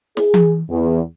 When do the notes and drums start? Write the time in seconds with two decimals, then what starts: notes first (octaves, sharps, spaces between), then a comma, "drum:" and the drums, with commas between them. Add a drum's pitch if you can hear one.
0.17 G#4, drum: snare
0.34 drum: tom E3
0.70 E2